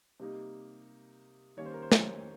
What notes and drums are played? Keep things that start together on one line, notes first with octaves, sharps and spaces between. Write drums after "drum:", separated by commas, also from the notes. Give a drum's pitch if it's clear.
C3 G3 A#3 D#4
D#3 G3 A#3 C#4 C#5
C5
A#4
C5
C#5, drum: snare